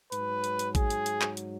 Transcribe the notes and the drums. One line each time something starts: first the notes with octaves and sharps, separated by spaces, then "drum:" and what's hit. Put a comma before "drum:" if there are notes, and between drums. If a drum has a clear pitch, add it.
G#2 F#3 B4, drum: hi-hat
drum: hi-hat
drum: hi-hat
G#4, drum: kick, hi-hat
drum: hi-hat
drum: hi-hat
drum: clap
drum: hi-hat